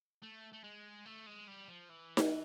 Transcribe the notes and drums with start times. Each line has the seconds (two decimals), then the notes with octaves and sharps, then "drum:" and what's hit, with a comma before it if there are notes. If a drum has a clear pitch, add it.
0.22 A3
0.53 A3
0.64 G#3
1.05 A3
1.27 G#3
1.48 G3
1.69 F3
1.90 E3
2.17 drum: snare D#4